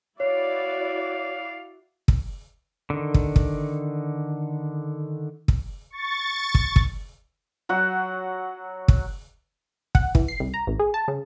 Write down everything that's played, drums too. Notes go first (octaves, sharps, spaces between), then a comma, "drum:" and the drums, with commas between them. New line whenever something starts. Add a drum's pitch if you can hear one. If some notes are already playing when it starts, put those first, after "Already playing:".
E4 F#4 C#5 D5 F5
drum: kick
D3 D#3
drum: kick
drum: kick
drum: kick
C#6 A6
drum: kick
drum: kick
F#3 F#4 F#5
drum: kick
F#5, drum: kick
E3, drum: kick
C7
C2
A#5
A1
G#4
A5
C#3